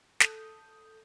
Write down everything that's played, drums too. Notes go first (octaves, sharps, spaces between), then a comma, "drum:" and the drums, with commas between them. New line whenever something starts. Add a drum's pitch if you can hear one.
A4 D#6 G6, drum: snare